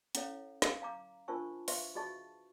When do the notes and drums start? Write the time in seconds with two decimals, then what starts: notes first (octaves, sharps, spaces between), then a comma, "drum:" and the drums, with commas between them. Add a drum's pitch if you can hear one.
0.15 C#4 E4 A4 C#5 F5, drum: hi-hat
0.62 F5, drum: snare
0.82 F5 A#5 D6
1.28 D4 F4 A#4 C5 A5 C#6
1.68 B4 C5 E5 F5 C6 C#6, drum: open hi-hat
1.95 F#4 G#4 D#5 A5 C#6